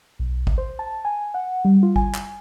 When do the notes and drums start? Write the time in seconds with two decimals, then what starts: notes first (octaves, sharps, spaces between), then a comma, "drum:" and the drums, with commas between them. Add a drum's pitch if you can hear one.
0.19 B1
0.47 drum: kick
0.58 C5
0.79 A5
1.05 G#5
1.34 F#5
1.65 G3
1.83 F4
1.96 G#5, drum: kick
2.14 drum: clap